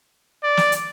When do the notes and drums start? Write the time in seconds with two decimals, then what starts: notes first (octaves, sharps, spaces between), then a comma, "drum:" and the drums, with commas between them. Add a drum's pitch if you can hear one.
0.43 D5
0.57 drum: snare
0.72 drum: hi-hat